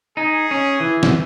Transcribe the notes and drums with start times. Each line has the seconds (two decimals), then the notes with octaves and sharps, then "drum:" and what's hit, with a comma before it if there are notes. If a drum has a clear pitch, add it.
0.17 D#4 G#4
0.51 C#4
0.80 E3
1.03 drum: snare